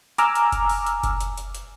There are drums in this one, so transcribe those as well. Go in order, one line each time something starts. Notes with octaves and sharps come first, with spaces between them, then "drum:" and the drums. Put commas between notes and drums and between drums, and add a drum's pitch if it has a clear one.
G#5 A#5 D6 E6 F6, drum: hi-hat
drum: hi-hat
drum: kick F#1, hi-hat
drum: open hi-hat
drum: hi-hat
drum: kick F#1, hi-hat
drum: hi-hat
drum: hi-hat
drum: hi-hat